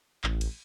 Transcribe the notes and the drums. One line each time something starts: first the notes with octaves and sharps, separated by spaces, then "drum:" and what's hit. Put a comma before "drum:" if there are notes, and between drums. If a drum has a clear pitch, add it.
A1, drum: clap
drum: cymbal